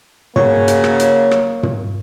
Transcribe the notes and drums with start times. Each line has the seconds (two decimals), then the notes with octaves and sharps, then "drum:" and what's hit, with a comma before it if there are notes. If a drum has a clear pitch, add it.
0.36 C#3 F#3 A#3 C#5, drum: tom
0.68 drum: hi-hat
0.84 drum: rim click
1.00 drum: hi-hat
1.31 drum: rim click
1.63 drum: tom